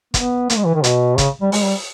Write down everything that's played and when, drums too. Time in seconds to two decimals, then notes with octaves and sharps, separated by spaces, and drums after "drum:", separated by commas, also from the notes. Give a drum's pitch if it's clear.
0.14 B3, drum: kick, hi-hat
0.50 A#3, drum: hi-hat
0.57 G#3
0.66 E3
0.75 D#3
0.84 B2, drum: hi-hat
1.18 C#3, drum: kick, hi-hat
1.42 G3
1.52 G#3, drum: open hi-hat
1.64 G3